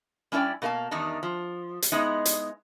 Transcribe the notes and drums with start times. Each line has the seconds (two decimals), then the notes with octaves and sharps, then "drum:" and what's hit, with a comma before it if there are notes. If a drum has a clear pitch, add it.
0.32 G3 C#4 E4 C#5 D5 G5
0.62 B2 A#3 G#4 F5 A5
0.91 E2 D#3 G3 D4 D#4
1.23 F3
1.82 drum: hi-hat
1.92 G#3 B3 D#4 E4 D#5
2.25 drum: hi-hat